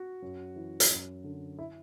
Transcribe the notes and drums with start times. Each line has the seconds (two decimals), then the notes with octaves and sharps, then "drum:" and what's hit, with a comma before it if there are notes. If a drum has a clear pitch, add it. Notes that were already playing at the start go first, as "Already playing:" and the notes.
Already playing: F#4
0.22 F#2
0.56 E3
0.80 drum: hi-hat
0.90 F#2
1.24 D3
1.59 E4